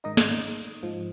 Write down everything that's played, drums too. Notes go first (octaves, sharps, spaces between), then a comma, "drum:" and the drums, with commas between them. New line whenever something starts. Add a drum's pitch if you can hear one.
G#2 D#3 D#4 D#5
drum: snare
G#2 F3